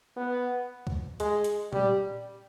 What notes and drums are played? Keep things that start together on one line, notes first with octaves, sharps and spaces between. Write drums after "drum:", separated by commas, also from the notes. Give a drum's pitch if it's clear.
B3
drum: kick C#2
G#3, drum: hi-hat
drum: hi-hat
G3, drum: tom A#2